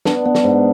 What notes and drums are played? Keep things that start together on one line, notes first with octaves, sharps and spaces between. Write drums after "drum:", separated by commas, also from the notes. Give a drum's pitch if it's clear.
B3 D4, drum: snare
B3
drum: snare
G#2